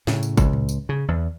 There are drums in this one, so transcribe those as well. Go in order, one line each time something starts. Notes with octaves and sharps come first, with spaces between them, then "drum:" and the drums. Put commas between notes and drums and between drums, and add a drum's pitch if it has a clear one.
A2 C#3, drum: snare
drum: tambourine
C#2, drum: kick G#1, tambourine
drum: tom A2
drum: tambourine
C#3
E2